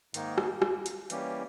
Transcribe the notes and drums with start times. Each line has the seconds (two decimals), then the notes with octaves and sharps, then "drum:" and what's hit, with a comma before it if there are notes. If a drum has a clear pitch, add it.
0.14 G#2 D#3 A#3 D#4, drum: hi-hat
0.38 drum: rim click
0.62 drum: rim click
0.86 drum: hi-hat
1.10 E3 G3 A#3 C#4 G4, drum: hi-hat